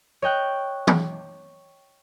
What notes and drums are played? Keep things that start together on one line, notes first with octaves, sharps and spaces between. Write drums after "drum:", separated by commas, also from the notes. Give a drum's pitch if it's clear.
C#5 D#5 G5 F#6
drum: tom E3